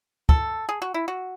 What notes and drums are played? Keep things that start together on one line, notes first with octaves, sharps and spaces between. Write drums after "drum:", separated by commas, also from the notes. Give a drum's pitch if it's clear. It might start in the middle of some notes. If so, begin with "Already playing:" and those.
A4, drum: kick
G#4
F#4
E4
F#4